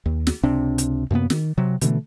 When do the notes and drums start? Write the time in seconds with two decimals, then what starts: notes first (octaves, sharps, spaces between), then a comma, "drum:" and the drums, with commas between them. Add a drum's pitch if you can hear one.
0.06 D#2
0.27 drum: snare
0.43 C#2 C3 C4 D4
0.78 drum: hi-hat
1.11 F#2 C3 A#3 B3
1.30 D#3, drum: snare
1.57 C3 F#3
1.81 B2 D3 E3 A3, drum: hi-hat